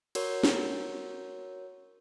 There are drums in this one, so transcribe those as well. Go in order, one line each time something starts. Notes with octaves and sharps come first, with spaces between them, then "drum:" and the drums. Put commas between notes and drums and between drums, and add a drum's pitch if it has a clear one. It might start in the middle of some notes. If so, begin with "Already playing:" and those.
F#4 A#4 C#5, drum: cymbal
drum: snare